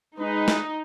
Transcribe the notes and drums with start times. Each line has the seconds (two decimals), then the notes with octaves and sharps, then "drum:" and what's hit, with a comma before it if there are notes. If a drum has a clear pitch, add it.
0.19 G#3 D#4 B4
0.48 drum: snare